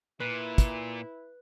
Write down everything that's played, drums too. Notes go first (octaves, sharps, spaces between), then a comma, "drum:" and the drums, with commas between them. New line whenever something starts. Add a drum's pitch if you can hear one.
A#2 E4 B4
drum: kick, hi-hat